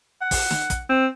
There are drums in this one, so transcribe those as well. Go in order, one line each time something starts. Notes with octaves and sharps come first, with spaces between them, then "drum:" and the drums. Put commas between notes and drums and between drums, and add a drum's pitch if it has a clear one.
F#5
drum: kick, open hi-hat
drum: snare
drum: kick, hi-hat
C4